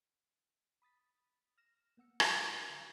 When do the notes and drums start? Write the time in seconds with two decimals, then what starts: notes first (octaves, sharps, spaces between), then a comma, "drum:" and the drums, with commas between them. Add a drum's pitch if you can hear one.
0.82 B5 D#6 A6 B6
1.58 F6 A#6 E7
1.97 A#3 B3 F#5 E6 C#7
2.20 A#2, drum: rim click
2.70 D3 F#4 F5 E7